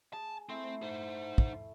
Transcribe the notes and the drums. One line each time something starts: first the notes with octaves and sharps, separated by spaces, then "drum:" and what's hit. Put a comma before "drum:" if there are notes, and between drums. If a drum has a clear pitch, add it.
G#4 A5
A3 C4 E4
D#4 C5
drum: kick